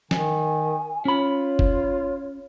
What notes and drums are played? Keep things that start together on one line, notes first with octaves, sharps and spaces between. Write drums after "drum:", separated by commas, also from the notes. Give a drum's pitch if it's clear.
D#3 G#5, drum: snare
C#4 F4 C#5 B5
drum: kick